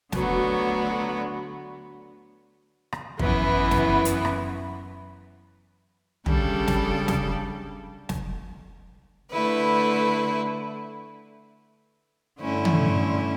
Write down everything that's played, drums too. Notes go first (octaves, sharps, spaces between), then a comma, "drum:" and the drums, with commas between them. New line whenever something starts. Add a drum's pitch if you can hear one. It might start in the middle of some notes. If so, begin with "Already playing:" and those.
D2 D3 F#3 B3 F#4, drum: snare
drum: rim click
F#2 E3 B3 E4, drum: kick
drum: snare
drum: hi-hat
drum: rim click
C#3 G3 D4 A4, drum: tom
drum: snare
drum: snare
drum: snare
D3 A3 E4 B4
G2 D3 A3 C#4 E4
drum: tom